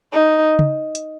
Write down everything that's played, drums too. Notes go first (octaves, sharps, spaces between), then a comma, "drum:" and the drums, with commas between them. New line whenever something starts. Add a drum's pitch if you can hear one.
D#4
drum: tom C#3
drum: hi-hat